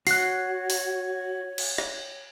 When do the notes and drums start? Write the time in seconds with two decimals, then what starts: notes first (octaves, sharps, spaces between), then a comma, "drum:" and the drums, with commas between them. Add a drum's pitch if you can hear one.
0.07 F#4 C#5 F#6 C7, drum: open hi-hat
0.70 drum: open hi-hat
1.58 drum: cymbal
1.78 drum: rim click